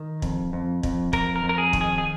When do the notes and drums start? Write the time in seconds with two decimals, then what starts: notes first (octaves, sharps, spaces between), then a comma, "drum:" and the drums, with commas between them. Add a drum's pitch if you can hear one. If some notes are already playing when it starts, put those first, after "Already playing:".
Already playing: D#3
0.22 F2, drum: kick
0.53 F2
0.83 F2, drum: kick
1.13 F2 A#4, drum: kick
1.36 A#4
1.44 F2
1.49 A#4
1.58 G#4
1.73 D#3, drum: kick
1.81 G#4
1.98 G#4